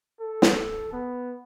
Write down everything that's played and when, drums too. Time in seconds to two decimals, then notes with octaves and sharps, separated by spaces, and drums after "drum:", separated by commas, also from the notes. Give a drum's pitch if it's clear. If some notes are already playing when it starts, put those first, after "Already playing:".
0.20 A4
0.42 drum: snare
0.93 B3